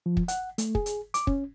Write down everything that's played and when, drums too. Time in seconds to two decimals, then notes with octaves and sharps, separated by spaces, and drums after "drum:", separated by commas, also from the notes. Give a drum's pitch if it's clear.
0.06 F3
0.17 drum: kick
0.28 F#5, drum: hi-hat
0.58 A3, drum: hi-hat
0.75 G#4, drum: kick
0.86 drum: hi-hat
1.14 D6, drum: hi-hat
1.27 C#4, drum: kick